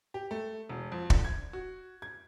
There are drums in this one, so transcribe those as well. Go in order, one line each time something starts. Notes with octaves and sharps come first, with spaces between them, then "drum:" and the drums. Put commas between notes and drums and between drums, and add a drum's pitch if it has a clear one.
G4
A3
E1
F2
D3, drum: kick
G#6
F#4
G#6